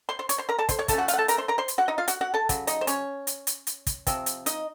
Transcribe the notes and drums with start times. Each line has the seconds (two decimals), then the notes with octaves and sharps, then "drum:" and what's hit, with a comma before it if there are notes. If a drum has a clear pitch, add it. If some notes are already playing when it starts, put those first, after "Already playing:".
0.09 C5 C6
0.19 C5 C6
0.29 C#5 C#6, drum: hi-hat
0.38 C5 C6
0.49 A#4 A#5
0.59 A4 A5
0.69 C5 C6, drum: kick, hi-hat
0.79 C#5 C#6
0.88 F3 A3 C#4 A4 A5, drum: kick, hi-hat
0.98 F#4 F#5
1.08 F4 F5, drum: hi-hat
1.14 F#5
1.18 A4 A5
1.28 A#4 A#5, drum: hi-hat
1.38 C5 C6
1.48 A#4 A#5
1.58 C5 C6
1.68 drum: hi-hat
1.78 F#4 F#5
1.88 D#4 D#5
1.98 F4 F5
2.08 F#4 F#5, drum: hi-hat
2.21 F#4 F#5
2.34 A4 A5
2.49 C#3 F#3, drum: kick, hi-hat
2.67 D#4 D#5, drum: hi-hat
2.81 C5
2.87 C#4 C#5, drum: hi-hat
3.27 drum: hi-hat
3.47 drum: hi-hat
3.67 drum: hi-hat
3.87 drum: kick, hi-hat
4.07 C3 F3 C4, drum: kick, hi-hat
4.26 drum: hi-hat
4.46 D#4 D#5, drum: hi-hat